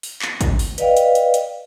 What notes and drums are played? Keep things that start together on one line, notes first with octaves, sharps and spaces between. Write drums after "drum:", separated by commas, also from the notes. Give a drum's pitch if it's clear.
drum: open hi-hat
drum: clap
drum: kick, hi-hat
drum: open hi-hat
B4 D5 D#5 F5 G5, drum: hi-hat
drum: hi-hat
drum: hi-hat
drum: hi-hat